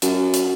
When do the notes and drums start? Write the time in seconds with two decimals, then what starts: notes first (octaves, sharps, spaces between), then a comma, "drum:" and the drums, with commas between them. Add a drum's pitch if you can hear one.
0.02 F#2, drum: hi-hat
0.34 drum: hi-hat